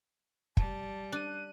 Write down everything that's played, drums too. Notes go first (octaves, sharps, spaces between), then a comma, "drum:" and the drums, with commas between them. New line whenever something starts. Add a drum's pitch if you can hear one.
G3 A5, drum: kick
D4 F#6 D#7